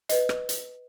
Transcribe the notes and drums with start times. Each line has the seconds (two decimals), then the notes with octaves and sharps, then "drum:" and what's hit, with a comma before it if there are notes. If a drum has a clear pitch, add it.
0.09 B4 D#5, drum: hi-hat
0.29 drum: rim click
0.49 drum: hi-hat